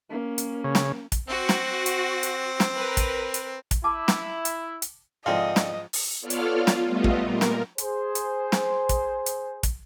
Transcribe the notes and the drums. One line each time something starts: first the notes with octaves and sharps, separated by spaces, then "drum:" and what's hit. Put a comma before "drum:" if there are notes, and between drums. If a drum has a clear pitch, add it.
A#3 C#4
drum: hi-hat
C#3
drum: snare
drum: kick, hi-hat
C4 F#4
drum: snare
drum: hi-hat
drum: hi-hat
drum: snare
A#4 B4
drum: kick, hi-hat
drum: hi-hat
drum: kick, hi-hat
E4 A5 D6
drum: snare
drum: hi-hat
drum: hi-hat
G#2 D3 F3 C4 D#5 F5
drum: snare
drum: open hi-hat
B3 F4 A4 C#5 D5 F6
drum: hi-hat
F4
drum: snare
G3 A3 B3 F4 D#5
drum: kick
A#2 A#4
drum: snare
G#4 C5, drum: hi-hat
drum: hi-hat
drum: snare
drum: kick, hi-hat
drum: hi-hat
drum: kick, hi-hat